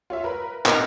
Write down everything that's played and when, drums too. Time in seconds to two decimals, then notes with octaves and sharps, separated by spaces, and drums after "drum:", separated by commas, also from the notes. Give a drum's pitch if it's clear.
0.10 F4 C#5 E5
0.24 A#4 B4 B5
0.66 C3 D#4 A#4, drum: clap